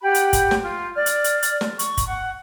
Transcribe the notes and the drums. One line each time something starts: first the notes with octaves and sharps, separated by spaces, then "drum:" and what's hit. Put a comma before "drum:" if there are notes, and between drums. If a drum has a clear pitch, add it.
G4 F#5 B5
drum: hi-hat
drum: kick, hi-hat
drum: snare
F4
D5 F6
drum: hi-hat
drum: hi-hat
drum: hi-hat
drum: snare
C#6, drum: hi-hat
drum: kick, hi-hat
F#5